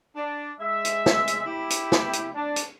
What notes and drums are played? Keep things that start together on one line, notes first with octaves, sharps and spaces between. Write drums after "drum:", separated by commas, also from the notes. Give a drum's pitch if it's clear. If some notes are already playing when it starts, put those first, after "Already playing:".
D4
G#3 E5
drum: hi-hat
drum: snare
drum: hi-hat
E4 G4
drum: hi-hat
drum: snare
drum: hi-hat
D4
drum: hi-hat